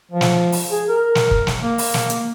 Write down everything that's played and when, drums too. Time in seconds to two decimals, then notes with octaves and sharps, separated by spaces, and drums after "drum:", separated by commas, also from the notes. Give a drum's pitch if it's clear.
0.11 F3
0.21 drum: snare
0.52 drum: open hi-hat
0.71 G#4
0.89 A#4
1.15 drum: snare
1.31 drum: kick
1.47 drum: snare
1.62 A#3
1.78 drum: open hi-hat
1.94 drum: snare
2.10 drum: hi-hat